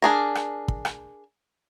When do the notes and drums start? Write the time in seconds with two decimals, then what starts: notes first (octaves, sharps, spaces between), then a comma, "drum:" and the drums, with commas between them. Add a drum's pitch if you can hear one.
0.02 D4 G#4 A#4
0.35 drum: rim click
0.68 drum: kick
0.85 drum: rim click